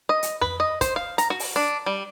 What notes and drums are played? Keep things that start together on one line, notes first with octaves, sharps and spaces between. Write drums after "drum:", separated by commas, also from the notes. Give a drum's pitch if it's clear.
D#5
drum: hi-hat
B4, drum: tom F2
D#5
C5, drum: kick, hi-hat
F5
A#5, drum: hi-hat
F#4
drum: open hi-hat
D4
G3